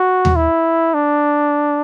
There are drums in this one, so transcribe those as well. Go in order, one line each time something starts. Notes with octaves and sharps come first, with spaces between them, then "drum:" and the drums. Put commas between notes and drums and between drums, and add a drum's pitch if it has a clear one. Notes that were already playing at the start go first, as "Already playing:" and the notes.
Already playing: F#4
drum: tom D#2
E4
D4